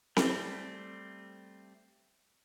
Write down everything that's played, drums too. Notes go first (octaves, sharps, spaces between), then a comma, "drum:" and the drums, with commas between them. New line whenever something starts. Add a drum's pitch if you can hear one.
G3 A3 C4, drum: snare C4